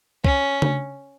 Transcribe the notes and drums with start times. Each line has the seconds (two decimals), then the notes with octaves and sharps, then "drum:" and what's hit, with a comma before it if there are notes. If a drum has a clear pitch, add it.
0.24 C#4, drum: kick
0.62 drum: tom C#3